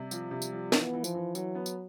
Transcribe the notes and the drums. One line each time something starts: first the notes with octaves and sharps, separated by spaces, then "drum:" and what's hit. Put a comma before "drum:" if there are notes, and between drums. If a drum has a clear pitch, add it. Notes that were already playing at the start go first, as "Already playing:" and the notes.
Already playing: C3 G3
F3, drum: tambourine
C3
drum: tambourine
F3
E3 B3, drum: snare
E3
F3, drum: tambourine
E3
E3 F#3, drum: tambourine
B3
drum: tambourine